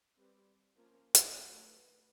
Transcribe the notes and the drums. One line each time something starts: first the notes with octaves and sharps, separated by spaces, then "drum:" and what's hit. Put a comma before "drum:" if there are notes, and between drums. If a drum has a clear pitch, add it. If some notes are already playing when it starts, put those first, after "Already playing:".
G3 C4 B4
F3 A#3 C#4 A#4
drum: hi-hat
D#3 F#3 A3 D4 B4
B4